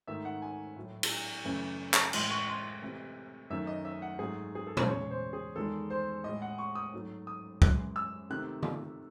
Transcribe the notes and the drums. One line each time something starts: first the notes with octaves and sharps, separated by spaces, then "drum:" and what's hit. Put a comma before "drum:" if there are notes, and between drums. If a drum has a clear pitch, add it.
G#2 D#3 A3 E5
F#5
G#5
A2 F#3 A3
drum: cymbal
F#2 C#3 E3 A3
drum: clap
A2 E3 G#3 C6, drum: cymbal
C#6
C6
C3 E3 A3
F#2 D#3 A3 E5
D#5
E5
F#5
G#2 F#3 A3 G#4
G#4
A4
C5, drum: tom
E2 C#3 G#3 C#5
C5
G#4
E2 D#3 G#3 A4
C5
A2 G#3 D#5
F#5
C#6
D#6
G#2 F#3 A3
D#6
F#2 E3 G#3 F#6, drum: kick
E6
C3 D#3 A3 F#6
drum: tom D#3